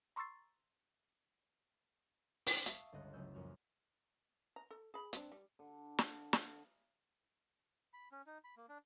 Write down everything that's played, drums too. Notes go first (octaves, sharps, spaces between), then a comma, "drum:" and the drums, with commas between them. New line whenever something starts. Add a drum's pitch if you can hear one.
A#5 C6 C#6 E6 A6 C7
drum: open hi-hat
E5 F5 A5 C#6 D#6 C7, drum: hi-hat
G1 C#2 D#5 F#6
F#1 C#3 A3 C#4 E6 G6
A#1 F#2 F#4 F6
A#5
A4
G#4 B5
C4 D4, drum: hi-hat
G3
D3
drum: snare
drum: snare
B5
C#4
D#4
B5
A#3
D4